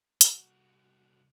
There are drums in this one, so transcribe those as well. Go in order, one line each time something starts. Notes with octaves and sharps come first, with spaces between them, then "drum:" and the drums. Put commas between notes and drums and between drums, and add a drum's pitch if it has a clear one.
C2 F#4, drum: hi-hat